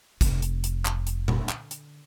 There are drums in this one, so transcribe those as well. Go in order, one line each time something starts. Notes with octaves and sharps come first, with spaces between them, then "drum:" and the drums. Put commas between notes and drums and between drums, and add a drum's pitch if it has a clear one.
F1, drum: kick, hi-hat
drum: hi-hat
drum: hi-hat
drum: clap
drum: hi-hat
drum: tom A#2
D3, drum: clap
drum: hi-hat